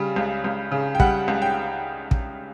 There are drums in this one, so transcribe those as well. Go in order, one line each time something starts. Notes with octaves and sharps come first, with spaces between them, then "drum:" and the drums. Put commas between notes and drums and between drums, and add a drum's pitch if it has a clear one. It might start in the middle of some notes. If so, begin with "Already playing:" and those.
Already playing: C#3 G3
C#2
C#2
C#3
G5
G3 F#5, drum: kick
C#2
G5
drum: kick